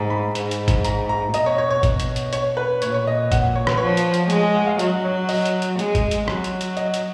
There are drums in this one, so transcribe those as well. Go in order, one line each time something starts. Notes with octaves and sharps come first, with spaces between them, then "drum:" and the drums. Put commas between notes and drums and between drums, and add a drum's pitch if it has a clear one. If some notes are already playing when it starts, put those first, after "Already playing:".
Already playing: G#2 A#5
B5
G#2, drum: hi-hat
drum: hi-hat
drum: kick, hi-hat
A#5, drum: hi-hat
A#5
B2 D#5, drum: hi-hat
C#5
C#5
C#5
drum: kick, hi-hat
drum: hi-hat
drum: hi-hat
C#5, drum: hi-hat
B4
A#2 C#5, drum: hi-hat
C#5
D#5
F#5, drum: kick, hi-hat
C#5
B4, drum: rim click
F3 C#5
drum: hi-hat
drum: hi-hat
G#3, drum: hi-hat
F#5
F5
F#3 D#5, drum: hi-hat
C#5
D#5, drum: open hi-hat
drum: hi-hat
drum: hi-hat
G#3, drum: hi-hat
drum: kick, hi-hat
drum: hi-hat
F#3, drum: rim click
drum: hi-hat
drum: hi-hat
D#5, drum: hi-hat
drum: hi-hat